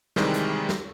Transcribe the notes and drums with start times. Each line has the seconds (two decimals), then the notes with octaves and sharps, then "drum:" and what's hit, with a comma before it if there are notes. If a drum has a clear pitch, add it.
0.16 C3 D#3 E3 G3 G#3, drum: snare
0.34 drum: hi-hat
0.69 drum: snare